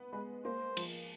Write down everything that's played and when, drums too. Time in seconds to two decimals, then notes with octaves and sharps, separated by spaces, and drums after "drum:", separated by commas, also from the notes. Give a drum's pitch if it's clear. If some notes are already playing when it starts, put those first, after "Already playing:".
Already playing: B3
0.12 G#3 B4
0.45 A#3 C5
0.77 F3, drum: cymbal